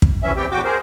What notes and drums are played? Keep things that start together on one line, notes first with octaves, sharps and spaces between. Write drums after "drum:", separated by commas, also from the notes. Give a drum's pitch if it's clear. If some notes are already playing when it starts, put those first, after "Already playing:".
drum: kick
D2 E3 C#4 E5
E2 B3 C4 G4 G5
E2 A2 F#4 G5 D6
G#4 A#4 C5